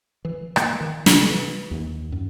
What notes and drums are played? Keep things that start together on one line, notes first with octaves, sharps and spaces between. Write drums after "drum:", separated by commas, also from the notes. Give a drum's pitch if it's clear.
E3
A#3, drum: rim click
D#3
C3, drum: snare
E3
D#2
F#2